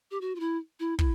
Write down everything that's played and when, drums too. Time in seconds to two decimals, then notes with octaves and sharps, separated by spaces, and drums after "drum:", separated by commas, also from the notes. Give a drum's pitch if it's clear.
0.11 G4
0.21 F#4
0.35 F4
0.40 E4
0.80 E4
0.99 E4, drum: kick